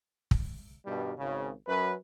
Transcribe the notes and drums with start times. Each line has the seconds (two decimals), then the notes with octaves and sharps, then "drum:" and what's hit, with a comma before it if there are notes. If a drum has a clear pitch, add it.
0.31 drum: kick
0.86 G2 B2 D#3 G3
1.17 G#1 C#3
1.68 F#2 B4